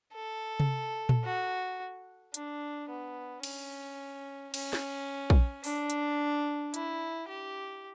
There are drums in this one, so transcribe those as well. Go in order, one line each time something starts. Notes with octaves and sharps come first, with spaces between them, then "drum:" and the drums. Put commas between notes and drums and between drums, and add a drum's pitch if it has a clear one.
A4
drum: tom C3
drum: tom A#2
F#4
D4, drum: hi-hat
B3
C#4, drum: cymbal
C#4, drum: cymbal
drum: snare
drum: kick A#1
D4, drum: open hi-hat
drum: hi-hat
E4, drum: hi-hat
G4